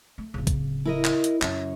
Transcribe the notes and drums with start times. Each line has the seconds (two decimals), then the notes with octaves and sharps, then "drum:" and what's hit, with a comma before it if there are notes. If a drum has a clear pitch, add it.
0.18 A3
0.34 D1 C#3
0.47 drum: kick, hi-hat
0.85 E4 A#4 D#5
1.05 drum: clap
1.24 drum: hi-hat
1.42 F#2 C#3 C#5, drum: clap